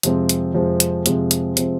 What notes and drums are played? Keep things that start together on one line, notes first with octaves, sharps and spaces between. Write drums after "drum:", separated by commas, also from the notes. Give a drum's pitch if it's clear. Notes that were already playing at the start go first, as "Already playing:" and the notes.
F2 C3 F3 G#3 C4, drum: hi-hat
drum: hi-hat
F2 C3 F3 G#3 C4
drum: hi-hat
F2 C3 F3 G#3 C4, drum: hi-hat
drum: hi-hat
C3 F3 G#3 C4, drum: hi-hat